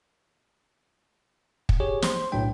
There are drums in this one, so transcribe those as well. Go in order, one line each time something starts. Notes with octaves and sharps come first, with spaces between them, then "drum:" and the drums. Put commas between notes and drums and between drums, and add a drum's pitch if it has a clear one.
drum: kick
G4 G#4 C#5
C5 C6, drum: snare
B1 A2 F#3 D4 G5